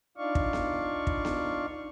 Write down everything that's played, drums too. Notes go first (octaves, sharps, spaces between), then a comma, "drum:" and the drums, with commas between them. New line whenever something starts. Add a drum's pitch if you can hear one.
D4 D#4 F4 D5 F5 C#6
drum: kick
drum: snare B3
drum: kick
drum: snare B3